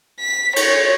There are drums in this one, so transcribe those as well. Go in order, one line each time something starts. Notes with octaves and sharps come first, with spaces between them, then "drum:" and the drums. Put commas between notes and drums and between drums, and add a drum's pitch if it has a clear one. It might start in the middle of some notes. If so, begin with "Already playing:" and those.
B6
C#5, drum: cymbal